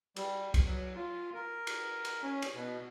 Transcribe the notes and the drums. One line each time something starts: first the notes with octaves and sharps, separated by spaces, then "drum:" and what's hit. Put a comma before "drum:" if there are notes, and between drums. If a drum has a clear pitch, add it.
G3, drum: cymbal
drum: kick C2, cymbal
F#3
F4
A#4
drum: cymbal
drum: cymbal
C#4
drum: cymbal
B2